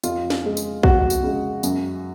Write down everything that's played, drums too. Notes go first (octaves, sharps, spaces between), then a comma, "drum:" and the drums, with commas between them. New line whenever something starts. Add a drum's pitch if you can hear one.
F2 F4, drum: tambourine
drum: snare
C#3 G#3
drum: tambourine
F2 F#4, drum: kick A#1
drum: tambourine
C#3 G#3
F#2, drum: tambourine